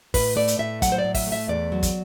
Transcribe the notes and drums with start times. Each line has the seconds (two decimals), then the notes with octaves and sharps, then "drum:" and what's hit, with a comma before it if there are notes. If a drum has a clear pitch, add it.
0.14 A2 B4, drum: kick, open hi-hat
0.36 A3 D5
0.48 drum: hi-hat
0.59 A2 E5
0.82 F#3 F#5, drum: kick, hi-hat
0.92 C5
0.98 D5
1.04 A2
1.15 E5, drum: kick, open hi-hat
1.27 A3
1.32 E5
1.48 E2 D5
1.72 F#3
1.83 drum: kick, hi-hat